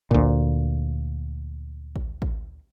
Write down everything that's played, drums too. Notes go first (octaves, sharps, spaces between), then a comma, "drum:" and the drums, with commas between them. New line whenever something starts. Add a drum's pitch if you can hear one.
D2 A#2, drum: kick A1
drum: kick A1
drum: kick A1